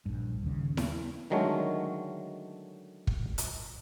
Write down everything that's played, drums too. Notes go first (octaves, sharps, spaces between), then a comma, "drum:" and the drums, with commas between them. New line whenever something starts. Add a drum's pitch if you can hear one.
A#1 G2
D#2 C#3
drum: snare E4
D3 D#3 F#3 G#3 A3 C#4
drum: kick
drum: hi-hat